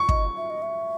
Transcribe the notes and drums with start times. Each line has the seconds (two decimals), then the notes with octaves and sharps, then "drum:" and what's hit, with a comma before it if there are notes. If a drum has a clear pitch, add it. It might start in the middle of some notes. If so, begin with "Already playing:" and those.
Already playing: C#6
0.09 D#5, drum: kick
0.37 E5
0.50 D#5
0.62 E5